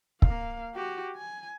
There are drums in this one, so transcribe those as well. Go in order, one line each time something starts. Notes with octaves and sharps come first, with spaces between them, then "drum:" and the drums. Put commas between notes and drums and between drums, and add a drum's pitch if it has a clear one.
A#3 F5, drum: kick
F#4 G4
G#5